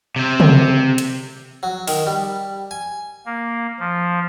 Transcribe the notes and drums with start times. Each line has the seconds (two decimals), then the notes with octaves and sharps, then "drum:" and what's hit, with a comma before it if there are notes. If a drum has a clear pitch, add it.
0.16 C3 C4
0.40 drum: tom
0.98 drum: hi-hat
1.63 F#3
1.88 D#3, drum: open hi-hat
2.07 G3
2.71 G#5
3.26 A#3
3.79 F3